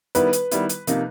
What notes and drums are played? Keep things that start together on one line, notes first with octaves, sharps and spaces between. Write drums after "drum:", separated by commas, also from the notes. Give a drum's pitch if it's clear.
D#3 G3 B3 E4 B4, drum: hi-hat
drum: hi-hat
D#3 G3 B3 E4, drum: hi-hat
drum: hi-hat
C3 F3 A#3 D#4, drum: hi-hat